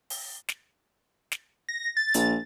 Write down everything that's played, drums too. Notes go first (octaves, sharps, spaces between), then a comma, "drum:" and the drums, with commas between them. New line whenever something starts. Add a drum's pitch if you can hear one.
drum: open hi-hat
drum: snare
drum: snare
A#6
A6
A#1, drum: hi-hat